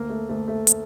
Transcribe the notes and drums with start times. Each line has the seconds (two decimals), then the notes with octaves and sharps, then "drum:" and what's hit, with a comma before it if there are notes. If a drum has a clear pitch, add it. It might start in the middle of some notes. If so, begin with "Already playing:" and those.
Already playing: D2 A#3
0.09 A3
0.29 D2 A3
0.48 A3
0.67 drum: hi-hat